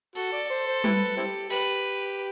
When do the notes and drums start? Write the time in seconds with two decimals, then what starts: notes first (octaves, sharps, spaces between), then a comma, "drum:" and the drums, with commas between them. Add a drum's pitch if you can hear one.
0.16 F#4 A4
0.33 D5
0.50 C5
0.67 C5
0.84 E4 G4 B4, drum: tom G3
1.17 C4 E4 G4
1.50 G4 B4, drum: open hi-hat